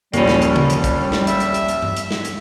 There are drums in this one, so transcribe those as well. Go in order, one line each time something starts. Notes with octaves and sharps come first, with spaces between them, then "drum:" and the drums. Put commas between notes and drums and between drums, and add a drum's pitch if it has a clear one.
A#1 D#2 G3 A#3 C#4, drum: hi-hat
drum: snare
drum: hi-hat
drum: tom C#3
drum: hi-hat
drum: kick, hi-hat
drum: snare
E5, drum: hi-hat
drum: hi-hat
drum: hi-hat
drum: hi-hat
drum: tom G2
drum: hi-hat
drum: snare
drum: hi-hat